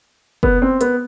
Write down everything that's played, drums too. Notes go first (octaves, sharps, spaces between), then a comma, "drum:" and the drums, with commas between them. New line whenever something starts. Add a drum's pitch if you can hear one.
B3, drum: kick
C4
B3, drum: hi-hat